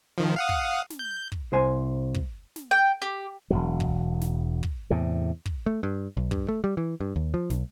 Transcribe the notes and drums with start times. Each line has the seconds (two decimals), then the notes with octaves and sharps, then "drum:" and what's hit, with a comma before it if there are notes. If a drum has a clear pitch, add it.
0.18 D#3 F3
0.36 F5 F#5 D#6
0.49 drum: kick
0.90 drum: snare
0.99 G6
1.32 drum: kick
1.52 C2 C5 G#5
2.14 drum: kick
2.56 drum: snare
2.71 G5
3.02 G4
3.50 E1 B1 F#3
3.80 drum: kick
4.21 drum: snare
4.63 drum: kick
4.90 E2 A2 C3
5.46 drum: kick
5.66 A3
5.83 G2
6.17 B1
6.31 G2, drum: kick
6.48 A3
6.64 G3
6.77 E3
7.00 G2
7.16 D#2
7.34 F3
7.50 B1, drum: snare